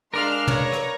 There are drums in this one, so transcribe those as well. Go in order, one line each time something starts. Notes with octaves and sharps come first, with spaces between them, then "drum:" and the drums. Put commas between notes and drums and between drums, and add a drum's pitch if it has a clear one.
G#3 D4 A#4 D5 F5 C6 F6
B4 C#5 A#5, drum: tom
drum: rim click